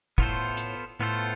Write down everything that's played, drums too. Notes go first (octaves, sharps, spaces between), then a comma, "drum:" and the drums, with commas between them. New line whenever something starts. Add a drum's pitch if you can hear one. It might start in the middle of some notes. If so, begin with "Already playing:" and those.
A2 B3 F4 A4 C5, drum: kick
drum: hi-hat
A2 B3 F4 A4 C5